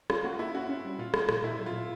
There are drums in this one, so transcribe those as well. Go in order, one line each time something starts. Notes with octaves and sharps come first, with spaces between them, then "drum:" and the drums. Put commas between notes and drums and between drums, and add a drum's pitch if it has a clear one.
C#4 F4, drum: rim click
A#3 F#4
A#3 E4
C#4 F#4
C#4
G3
A#2 F4
A3, drum: rim click
A#2, drum: rim click
A#2 E4
F#3
F4
A#2